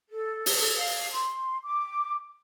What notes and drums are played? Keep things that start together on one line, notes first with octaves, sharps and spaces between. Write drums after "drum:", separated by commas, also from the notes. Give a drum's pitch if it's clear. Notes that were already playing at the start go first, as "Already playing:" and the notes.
A4
drum: open hi-hat
A4
F5
C6
D6